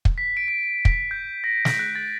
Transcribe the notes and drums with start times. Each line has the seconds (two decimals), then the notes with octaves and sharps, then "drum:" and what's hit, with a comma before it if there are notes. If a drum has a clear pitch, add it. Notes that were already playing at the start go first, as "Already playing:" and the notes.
0.05 drum: kick
0.18 B6
0.37 D7
0.48 D7
0.85 B6, drum: kick
1.11 G6
1.44 A#6
1.65 B6, drum: snare
1.79 F#6
1.95 A6